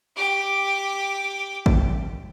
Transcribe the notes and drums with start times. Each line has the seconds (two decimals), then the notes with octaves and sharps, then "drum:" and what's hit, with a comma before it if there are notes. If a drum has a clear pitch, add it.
0.16 G4 D6
1.66 drum: kick G#1